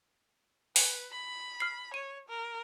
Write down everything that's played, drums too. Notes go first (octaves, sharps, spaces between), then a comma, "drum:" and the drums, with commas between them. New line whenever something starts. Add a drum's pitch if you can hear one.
B4, drum: open hi-hat
B5
F6 C7
C#5 D#7
A#4